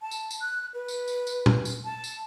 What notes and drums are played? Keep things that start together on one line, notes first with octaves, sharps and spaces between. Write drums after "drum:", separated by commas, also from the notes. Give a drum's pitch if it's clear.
A5
drum: tambourine
drum: tambourine
F#6
B4
drum: tambourine
drum: tambourine
drum: tambourine
drum: tom A#2
drum: tambourine
A5
drum: tambourine